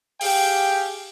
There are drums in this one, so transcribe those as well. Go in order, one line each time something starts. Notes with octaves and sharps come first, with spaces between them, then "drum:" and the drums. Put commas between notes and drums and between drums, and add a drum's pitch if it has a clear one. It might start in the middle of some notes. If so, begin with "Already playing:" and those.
G4 G#4 F5 G5, drum: open hi-hat